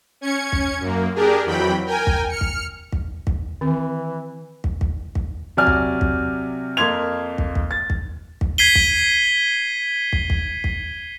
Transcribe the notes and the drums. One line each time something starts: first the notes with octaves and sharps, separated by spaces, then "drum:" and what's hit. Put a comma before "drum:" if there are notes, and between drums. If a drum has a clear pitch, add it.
C#4 G#6 C#7
drum: kick
F#2 A#3
D4 G4 G#4 A#4
F2 E3 F#3 G5 B5
A#4 G5 G#5
drum: kick
F6 C#7
drum: kick
drum: kick
drum: kick
D#3 E3 C4
drum: kick
drum: kick
drum: kick
C3 F#3 D5 G#5 F6
drum: kick
drum: kick
F2 A#3 C6 G#6 F7
drum: kick
drum: kick
A6
drum: kick
drum: kick
G#6 B6 C7 D#7 G7
drum: kick
drum: kick
drum: kick
drum: kick